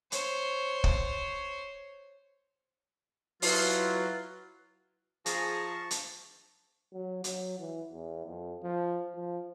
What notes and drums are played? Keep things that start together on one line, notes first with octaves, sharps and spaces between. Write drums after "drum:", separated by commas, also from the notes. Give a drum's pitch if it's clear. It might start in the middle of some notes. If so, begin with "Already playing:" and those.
C5 C#5, drum: hi-hat
drum: kick
F#3 E4 F4 B4, drum: open hi-hat
F3 G#4 A5 A#5 C#6, drum: hi-hat
drum: hi-hat
F#3
F#3, drum: hi-hat
E3
E2
F2
F3
F3